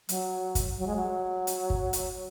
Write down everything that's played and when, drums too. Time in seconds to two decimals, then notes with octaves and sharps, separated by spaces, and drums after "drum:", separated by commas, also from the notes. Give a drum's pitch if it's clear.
0.09 F#3, drum: hi-hat
0.55 drum: kick, hi-hat
0.78 F#3
0.87 G#3
0.96 F#3
1.47 drum: hi-hat
1.70 drum: kick
1.93 drum: hi-hat